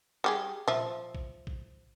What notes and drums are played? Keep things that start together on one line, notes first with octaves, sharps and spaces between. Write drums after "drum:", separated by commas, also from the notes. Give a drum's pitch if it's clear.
G3 G4 G#4
F3 E5, drum: tom A#2
drum: kick A#1
drum: kick A#1